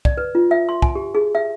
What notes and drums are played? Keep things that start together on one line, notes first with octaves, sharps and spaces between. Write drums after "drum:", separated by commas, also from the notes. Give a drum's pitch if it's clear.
D5, drum: kick
B4
F4
E5
C6
G#5, drum: kick
G4
G#4
E5